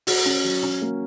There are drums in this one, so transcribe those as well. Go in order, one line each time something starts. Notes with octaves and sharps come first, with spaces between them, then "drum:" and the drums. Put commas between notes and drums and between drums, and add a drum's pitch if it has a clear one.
F#4, drum: open hi-hat
C#4
F#3
C#4
A#3